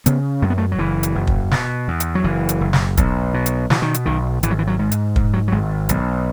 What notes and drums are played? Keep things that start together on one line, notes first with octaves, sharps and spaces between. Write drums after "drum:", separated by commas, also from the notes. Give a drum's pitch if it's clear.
C#3 B3, drum: hi-hat
F#2 A3
B3
A3
F#3
F#1 E3
drum: hi-hat
F#1
drum: kick
B2, drum: snare
E2
drum: hi-hat
F#3
F#1 E3
drum: hi-hat
F#1
drum: snare
B1, drum: kick, hi-hat
B2
drum: hi-hat
B2 E3, drum: snare
D#3
drum: hi-hat
B1 D#3
G#1 E3, drum: hi-hat
F#3
E3
F#3
G#2
drum: hi-hat
G#2, drum: kick
F#3
F#3
G#1 G#3
B1, drum: hi-hat